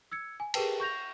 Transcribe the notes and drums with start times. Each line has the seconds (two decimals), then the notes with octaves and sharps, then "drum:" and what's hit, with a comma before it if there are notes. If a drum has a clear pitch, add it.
0.12 E6 G#6 C#7
0.40 G#5
0.54 G4 G#4 A#4 B4 G5 A5, drum: cymbal
0.80 C#6 G6 A#6 F7